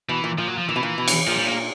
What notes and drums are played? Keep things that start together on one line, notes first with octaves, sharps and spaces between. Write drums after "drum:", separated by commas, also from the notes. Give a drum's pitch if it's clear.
B2 E3
A#2
A#2 F3
F#3
F3
A#2 E3
B2
A#2
B2
drum: cymbal
A#2 F3
G3
A#3